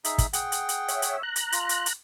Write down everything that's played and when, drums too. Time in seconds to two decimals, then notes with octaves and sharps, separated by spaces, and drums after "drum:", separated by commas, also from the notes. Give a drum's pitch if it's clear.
0.04 D#4 G#4 E5, drum: hi-hat
0.18 drum: kick, hi-hat
0.33 G#4 F#5 G5, drum: hi-hat
0.52 drum: hi-hat
0.69 drum: hi-hat
0.88 C#5 E5, drum: hi-hat
1.02 drum: hi-hat
1.23 A#5 F#6
1.36 drum: hi-hat
1.52 F4, drum: hi-hat
1.69 drum: hi-hat
1.86 drum: hi-hat